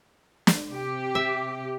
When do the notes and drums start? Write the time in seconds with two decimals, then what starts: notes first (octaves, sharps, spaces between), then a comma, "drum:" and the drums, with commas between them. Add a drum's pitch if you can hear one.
0.47 drum: snare
0.68 C3 G4
1.15 E5